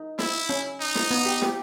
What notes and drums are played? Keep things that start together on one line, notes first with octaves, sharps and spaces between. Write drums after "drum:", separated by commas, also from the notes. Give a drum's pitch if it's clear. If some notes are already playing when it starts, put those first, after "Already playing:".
Already playing: D#4
E4, drum: snare
C#4
D#4
drum: snare
B3
G4
G4, drum: snare